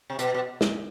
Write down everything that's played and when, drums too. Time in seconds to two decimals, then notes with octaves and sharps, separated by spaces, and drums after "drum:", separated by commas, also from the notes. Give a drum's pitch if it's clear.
0.10 C3
0.19 B2, drum: hi-hat
0.34 B2
0.61 drum: snare